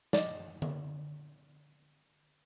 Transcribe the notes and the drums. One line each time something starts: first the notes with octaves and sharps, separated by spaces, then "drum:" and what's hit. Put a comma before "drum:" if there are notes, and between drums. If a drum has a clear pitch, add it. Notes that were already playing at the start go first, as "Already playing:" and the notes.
D5 D#5, drum: snare
drum: tom D3